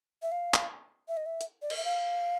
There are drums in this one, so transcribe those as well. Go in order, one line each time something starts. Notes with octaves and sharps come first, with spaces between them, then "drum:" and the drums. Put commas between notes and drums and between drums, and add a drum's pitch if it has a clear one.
E5
F5
drum: clap
E5
D#5
E5
drum: hi-hat
D5
D#5, drum: cymbal
E5
F5